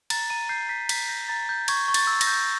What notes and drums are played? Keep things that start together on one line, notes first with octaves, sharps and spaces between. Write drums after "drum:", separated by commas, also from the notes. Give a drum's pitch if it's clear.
A#5 A6, drum: cymbal
A#5 D#7
G6 C7
G6 B6
A#5 B6, drum: cymbal
G6 A#6
A#5 A6
G6
C#6 G#6, drum: cymbal
C#6
A6, drum: cymbal
E6
A#6, drum: cymbal
G6